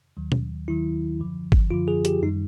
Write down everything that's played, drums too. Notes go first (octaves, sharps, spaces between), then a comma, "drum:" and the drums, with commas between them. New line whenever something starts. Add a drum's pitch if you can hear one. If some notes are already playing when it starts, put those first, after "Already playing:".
D#2 D#3 F#3
drum: tom B2
D#2 D#3 F#3 E4
F#2 D3 F3
drum: kick
F#2 D3 F3 F4
G#4
G4, drum: hi-hat
F#2 D#3 G3 D#4